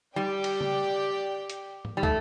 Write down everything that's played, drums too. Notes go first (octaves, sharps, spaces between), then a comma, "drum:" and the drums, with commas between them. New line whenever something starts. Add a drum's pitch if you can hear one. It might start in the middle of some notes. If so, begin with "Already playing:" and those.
G3 G4 D5 G5
drum: cymbal
drum: tom C#3
drum: hi-hat
drum: tom G#2
G3
A3, drum: kick